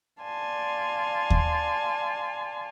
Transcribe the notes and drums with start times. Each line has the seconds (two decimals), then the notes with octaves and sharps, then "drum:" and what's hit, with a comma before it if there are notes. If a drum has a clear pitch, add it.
0.21 D5 F5 G#5 A5 C6
1.30 drum: kick D#2